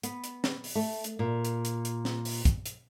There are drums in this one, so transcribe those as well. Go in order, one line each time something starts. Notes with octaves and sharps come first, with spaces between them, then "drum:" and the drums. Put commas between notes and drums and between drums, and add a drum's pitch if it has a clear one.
B3, drum: hi-hat
drum: hi-hat
drum: snare
drum: open hi-hat
A3
drum: hi-hat
A#2
drum: hi-hat
drum: hi-hat
drum: hi-hat
drum: snare
drum: open hi-hat
drum: kick, hi-hat
drum: hi-hat